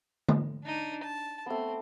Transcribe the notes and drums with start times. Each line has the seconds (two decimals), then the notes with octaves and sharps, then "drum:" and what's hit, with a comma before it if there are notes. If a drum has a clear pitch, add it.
0.29 drum: tom D3
0.64 D4 D#4
1.03 A5
1.46 A3 B3 C4